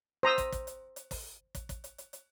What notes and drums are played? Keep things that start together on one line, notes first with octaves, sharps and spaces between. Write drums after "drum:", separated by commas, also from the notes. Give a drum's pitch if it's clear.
C5 A#5 D#6 E6
drum: kick, hi-hat
drum: kick, hi-hat
drum: hi-hat
drum: hi-hat
drum: kick, open hi-hat
drum: kick, hi-hat
drum: kick, hi-hat
drum: hi-hat
drum: hi-hat
drum: hi-hat